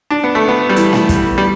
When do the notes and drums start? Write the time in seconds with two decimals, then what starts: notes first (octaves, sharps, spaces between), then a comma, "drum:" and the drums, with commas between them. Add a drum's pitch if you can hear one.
0.10 D4
0.24 B3
0.35 A3
0.48 B3
0.69 G3
0.76 E3, drum: hi-hat
0.93 drum: snare
1.09 drum: kick, hi-hat
1.38 G3